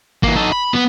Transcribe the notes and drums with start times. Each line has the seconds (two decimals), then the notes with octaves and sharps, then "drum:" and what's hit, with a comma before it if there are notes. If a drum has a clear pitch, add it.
0.23 E3 A#3, drum: kick G#1
0.35 D#4 A4
0.52 B5
0.73 B3